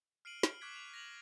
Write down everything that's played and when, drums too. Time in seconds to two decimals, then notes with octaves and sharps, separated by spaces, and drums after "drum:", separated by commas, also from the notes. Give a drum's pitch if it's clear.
0.25 F6 C7 D7 D#7 F#7
0.43 F6, drum: snare
0.61 C#6 D6 F#6 G#6 B6 D7
0.76 F7
0.94 A#6 F7 F#7